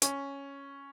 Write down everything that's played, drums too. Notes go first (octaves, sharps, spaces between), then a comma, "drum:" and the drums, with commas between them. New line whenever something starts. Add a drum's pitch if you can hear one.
C#4, drum: hi-hat